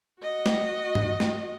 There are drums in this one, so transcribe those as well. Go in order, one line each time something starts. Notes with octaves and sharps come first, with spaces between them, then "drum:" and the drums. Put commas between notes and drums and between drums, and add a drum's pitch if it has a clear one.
F#4 D#5
drum: snare
drum: tom
drum: snare